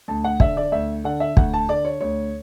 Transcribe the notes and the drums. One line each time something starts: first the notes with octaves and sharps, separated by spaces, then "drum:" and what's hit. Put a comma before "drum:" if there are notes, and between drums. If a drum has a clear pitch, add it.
D2 A5
F#5
D3 E5, drum: kick
D5
D2 E5
D3 F#5
E5
D2 F#5, drum: kick
A5
D3 D5
C#5
D2 C#5